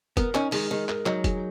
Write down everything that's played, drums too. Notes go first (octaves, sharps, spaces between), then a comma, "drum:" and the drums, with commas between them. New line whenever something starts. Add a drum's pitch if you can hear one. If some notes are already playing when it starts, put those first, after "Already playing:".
B3 A#4, drum: kick, hi-hat
C#4 D#4, drum: clap
D#3 G#3, drum: open hi-hat
D#3 G#3
A#4, drum: clap
F#3 D#4, drum: clap
G#4, drum: kick, hi-hat